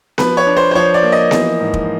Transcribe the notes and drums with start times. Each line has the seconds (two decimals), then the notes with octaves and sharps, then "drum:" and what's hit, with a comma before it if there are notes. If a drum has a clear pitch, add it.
0.18 F3 B4, drum: snare B3
0.37 C#5
0.46 D4
0.57 C5
0.71 C5
0.75 F3 C#5
0.94 D5
1.03 A#3
1.12 D#5
1.31 E3, drum: snare B3
1.60 G#2
1.74 drum: kick